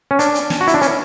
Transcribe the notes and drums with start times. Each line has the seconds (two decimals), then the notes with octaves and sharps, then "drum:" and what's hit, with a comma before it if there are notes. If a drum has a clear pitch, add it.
0.11 C#4
0.19 D4, drum: hi-hat
0.34 drum: hi-hat
0.50 drum: snare
0.61 F#4
0.67 E4, drum: hi-hat
0.74 D4
0.82 C#4, drum: hi-hat